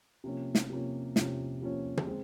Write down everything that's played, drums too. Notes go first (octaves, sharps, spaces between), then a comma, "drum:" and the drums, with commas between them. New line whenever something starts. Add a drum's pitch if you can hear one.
C3 F3 A#3 C#4
drum: snare
C3 F3 A#3 C#4
C3 F3 A#3 C#4, drum: snare
C3 F3 A#3 C#4
drum: tom
G#3 C4